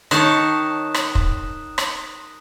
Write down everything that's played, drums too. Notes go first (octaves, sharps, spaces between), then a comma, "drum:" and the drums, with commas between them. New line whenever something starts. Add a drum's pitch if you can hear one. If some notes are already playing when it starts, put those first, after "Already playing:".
D#3 C#5 A5 D#6 F#6 E7, drum: rim click
drum: rim click
drum: kick
drum: rim click